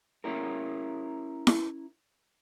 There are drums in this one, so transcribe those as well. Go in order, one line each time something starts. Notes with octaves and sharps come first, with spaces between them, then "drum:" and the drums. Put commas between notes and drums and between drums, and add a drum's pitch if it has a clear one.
C#4 E4 A#4
drum: snare E4